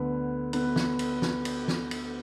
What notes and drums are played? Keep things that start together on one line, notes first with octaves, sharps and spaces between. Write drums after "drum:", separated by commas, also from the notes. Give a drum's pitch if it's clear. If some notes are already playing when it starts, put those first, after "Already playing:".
Already playing: D2 D3 B3 B4
B3 B4, drum: cymbal
drum: snare
drum: cymbal
drum: snare
drum: cymbal
drum: snare
drum: cymbal